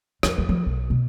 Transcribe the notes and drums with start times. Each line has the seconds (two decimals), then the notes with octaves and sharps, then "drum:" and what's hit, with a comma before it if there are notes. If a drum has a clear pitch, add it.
0.23 F2, drum: rim click
0.38 F2
0.49 F3
0.66 B1
0.90 B2